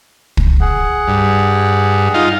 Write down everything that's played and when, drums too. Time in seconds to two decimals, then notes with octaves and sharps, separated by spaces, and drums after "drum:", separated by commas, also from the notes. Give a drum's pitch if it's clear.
0.37 drum: kick
0.61 G#4 F#5
1.07 G2
2.14 D#4 F4